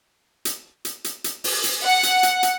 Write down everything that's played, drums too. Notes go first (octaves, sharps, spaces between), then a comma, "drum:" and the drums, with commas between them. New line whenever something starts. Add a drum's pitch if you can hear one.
drum: hi-hat
drum: hi-hat
drum: hi-hat
drum: hi-hat
drum: open hi-hat
drum: hi-hat
F#5
drum: hi-hat
drum: hi-hat
drum: hi-hat